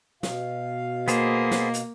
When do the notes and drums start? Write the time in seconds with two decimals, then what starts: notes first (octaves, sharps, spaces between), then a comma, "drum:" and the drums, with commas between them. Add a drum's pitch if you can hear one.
0.23 B2 F5, drum: snare
1.08 A#3 B3 G#4 C5, drum: hi-hat
1.51 drum: snare
1.74 drum: hi-hat